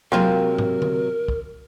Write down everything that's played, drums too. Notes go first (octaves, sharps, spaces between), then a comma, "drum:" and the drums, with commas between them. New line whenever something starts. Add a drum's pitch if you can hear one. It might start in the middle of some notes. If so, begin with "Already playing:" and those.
C3 F#3 G#3 A#3 C4 F4 A#4
drum: tom G#2
drum: tom D3
drum: kick